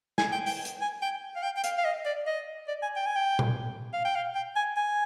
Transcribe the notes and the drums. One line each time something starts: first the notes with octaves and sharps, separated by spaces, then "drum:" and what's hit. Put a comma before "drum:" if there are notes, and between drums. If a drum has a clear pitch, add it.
G#5, drum: snare
G5
G5, drum: open hi-hat
drum: hi-hat
G#5
G5
F5
G5
G5
F5, drum: hi-hat
F5
D#5
D5
D#5
D5
G#5
G5
G#5
G5
drum: tom A#2
F5
G5
F5
G5
G#5
G#5